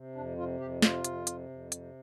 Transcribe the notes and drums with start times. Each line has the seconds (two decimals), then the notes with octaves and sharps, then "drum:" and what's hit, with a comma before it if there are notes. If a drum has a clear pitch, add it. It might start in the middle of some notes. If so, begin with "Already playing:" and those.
Already playing: C3
0.15 F2 D4
0.37 C3 F4
0.60 F2 G4
0.82 C3 F4, drum: snare
1.04 F2, drum: hi-hat
1.27 C3, drum: hi-hat
1.49 F2
1.72 C3, drum: hi-hat